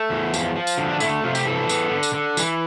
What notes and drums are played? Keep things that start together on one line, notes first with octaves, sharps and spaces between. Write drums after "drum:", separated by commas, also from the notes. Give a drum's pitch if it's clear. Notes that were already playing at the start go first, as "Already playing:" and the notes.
Already playing: A3
E2
F3, drum: tambourine
F3
drum: tambourine
D3
D4
A3 E4, drum: tambourine
C3 F4
G4, drum: tambourine
E3 A4
B3, drum: tambourine
D3
drum: tambourine
D3
E3, drum: tambourine